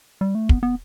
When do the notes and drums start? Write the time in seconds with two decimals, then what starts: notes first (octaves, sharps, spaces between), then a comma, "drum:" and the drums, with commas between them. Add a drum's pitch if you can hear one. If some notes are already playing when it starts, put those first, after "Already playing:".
0.21 G3
0.35 A3
0.49 B3, drum: kick
0.63 B3